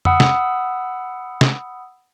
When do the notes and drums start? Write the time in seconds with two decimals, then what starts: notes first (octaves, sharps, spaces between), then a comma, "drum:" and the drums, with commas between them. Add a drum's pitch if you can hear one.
0.05 F#5 B5 D#6 E6, drum: tom F2
0.20 drum: snare
1.41 drum: snare